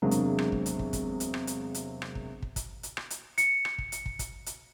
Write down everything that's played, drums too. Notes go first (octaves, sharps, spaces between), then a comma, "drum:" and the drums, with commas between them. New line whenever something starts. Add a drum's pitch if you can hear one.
E1 C3 F#3 G#3 A#3 D4
drum: hi-hat
drum: rim click
drum: kick
drum: hi-hat
drum: kick
drum: kick, hi-hat
drum: hi-hat
drum: rim click
drum: hi-hat
drum: hi-hat
drum: rim click
drum: kick
drum: kick
drum: kick, hi-hat
drum: hi-hat
drum: rim click
drum: hi-hat
C#7, drum: hi-hat
drum: rim click
drum: kick
drum: hi-hat
drum: kick
drum: kick, hi-hat
drum: hi-hat